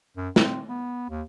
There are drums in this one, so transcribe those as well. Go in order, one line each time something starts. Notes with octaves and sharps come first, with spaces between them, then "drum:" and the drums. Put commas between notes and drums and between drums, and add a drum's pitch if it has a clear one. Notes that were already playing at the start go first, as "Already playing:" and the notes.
F#2
C4, drum: snare
B3
D#2